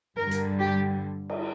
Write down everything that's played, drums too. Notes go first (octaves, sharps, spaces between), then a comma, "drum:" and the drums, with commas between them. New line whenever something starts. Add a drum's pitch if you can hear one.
G2 D3 G3 A#4
drum: hi-hat
G4
drum: cymbal